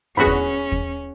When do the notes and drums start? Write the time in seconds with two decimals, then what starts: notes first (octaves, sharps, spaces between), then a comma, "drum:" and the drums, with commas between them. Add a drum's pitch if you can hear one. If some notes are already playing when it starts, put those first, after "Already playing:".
0.17 G1 E2 C#4 F#4 G#4 B5
0.27 drum: kick
0.72 drum: kick